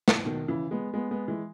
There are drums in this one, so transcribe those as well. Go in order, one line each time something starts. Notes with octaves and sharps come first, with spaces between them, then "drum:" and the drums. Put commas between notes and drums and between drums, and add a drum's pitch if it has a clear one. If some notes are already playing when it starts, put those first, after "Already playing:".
drum: snare
B2 D#3
C#3 E3
G#3 B3
G#3 B3
G#3 B3
E3 G#3